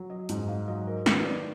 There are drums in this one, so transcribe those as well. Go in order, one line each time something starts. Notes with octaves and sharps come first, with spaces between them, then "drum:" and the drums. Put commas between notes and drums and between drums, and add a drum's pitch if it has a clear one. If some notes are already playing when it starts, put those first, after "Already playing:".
Already playing: F#3
D#5
G#2 D#5, drum: hi-hat
F5
F#3 D#5
A#4
D#3 B4, drum: snare
D5